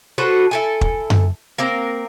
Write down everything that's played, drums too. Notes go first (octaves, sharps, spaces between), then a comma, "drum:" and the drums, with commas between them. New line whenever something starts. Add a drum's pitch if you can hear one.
F#4 A4 B4 C5
E4 A4 G#5
drum: kick
drum: tom F#2
A#3 C4 A#4